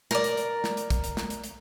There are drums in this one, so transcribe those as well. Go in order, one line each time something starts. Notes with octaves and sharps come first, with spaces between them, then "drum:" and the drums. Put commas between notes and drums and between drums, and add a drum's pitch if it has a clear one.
A#4 D5, drum: snare
drum: hi-hat
drum: hi-hat
drum: snare
drum: hi-hat
drum: kick, hi-hat
drum: hi-hat
drum: snare
drum: hi-hat
drum: hi-hat